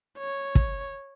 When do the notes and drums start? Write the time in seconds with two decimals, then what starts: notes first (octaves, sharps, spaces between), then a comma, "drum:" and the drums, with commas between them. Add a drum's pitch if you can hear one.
0.18 C#5
0.55 drum: kick